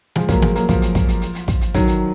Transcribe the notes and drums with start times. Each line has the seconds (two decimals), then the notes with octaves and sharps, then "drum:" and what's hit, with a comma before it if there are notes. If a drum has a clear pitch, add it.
0.16 F3 G#3, drum: snare
0.29 F#3 A#3, drum: kick, hi-hat
0.42 F3 G#3, drum: snare
0.55 F#3 A#3, drum: hi-hat
0.69 F3, drum: kick, hi-hat
0.82 drum: hi-hat
0.95 drum: kick, hi-hat
1.08 drum: hi-hat
1.21 drum: hi-hat
1.35 drum: hi-hat
1.48 drum: kick, hi-hat
1.61 drum: hi-hat
1.74 D#3 F#3, drum: kick, hi-hat
1.87 drum: hi-hat